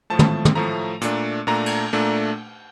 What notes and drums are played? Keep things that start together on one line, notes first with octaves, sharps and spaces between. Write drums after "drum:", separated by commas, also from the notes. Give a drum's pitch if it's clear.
A2 F3 A3 A5
drum: tom
drum: tom
A2 F3 A3 A#5
A#2 A3 D4, drum: hi-hat
A#2 A3 D4 A#5
drum: cymbal
A#2 A3 D4